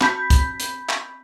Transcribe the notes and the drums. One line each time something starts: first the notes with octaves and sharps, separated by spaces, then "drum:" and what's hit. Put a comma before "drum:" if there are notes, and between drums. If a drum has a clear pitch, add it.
C4 B5 G6 B6, drum: clap
drum: kick, hi-hat
drum: hi-hat
drum: clap